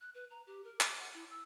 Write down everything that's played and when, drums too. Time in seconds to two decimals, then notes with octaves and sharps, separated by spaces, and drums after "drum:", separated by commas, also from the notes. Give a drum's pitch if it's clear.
0.01 F#6
0.15 B4
0.31 A#5
0.47 G4
0.64 A#4
0.81 D6, drum: clap
0.98 F#5
1.14 E4
1.30 E6